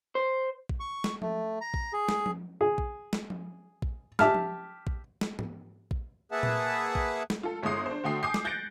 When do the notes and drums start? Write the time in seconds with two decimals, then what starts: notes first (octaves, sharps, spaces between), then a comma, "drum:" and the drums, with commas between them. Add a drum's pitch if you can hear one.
0.15 C5
0.69 drum: kick A#1
0.80 C#6
1.04 drum: snare
1.22 A3, drum: tom F3
1.61 A#5
1.74 drum: kick A#1
1.93 G#4
2.09 drum: snare
2.26 drum: tom F3
2.61 G#4
2.78 drum: kick A#1
3.13 drum: snare
3.30 drum: tom F3
3.82 drum: kick A#1
4.19 G4 E5 A5 F6, drum: snare
4.34 drum: tom F3
4.87 drum: kick A#1
5.21 drum: snare
5.39 drum: tom G#2
5.91 drum: kick A#1
6.32 A#3 G#4 B4 E5 F#5 A5
6.43 drum: tom A#2
6.95 drum: kick A#1
7.30 drum: snare
7.43 F4 A4
7.63 G1 G#3 E4 C6 D#6 C7
7.86 D4 C5
8.04 D3 A3 F#4 G5 D#6 C7
8.23 G#5 D6 D#6 G6 C7
8.34 drum: snare
8.45 F#6 G6 A6 A#6 C#7 D7